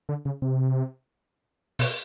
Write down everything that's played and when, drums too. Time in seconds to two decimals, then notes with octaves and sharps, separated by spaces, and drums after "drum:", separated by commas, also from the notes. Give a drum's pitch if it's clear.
0.09 D3
0.25 C#3
0.42 C3
1.79 B2, drum: open hi-hat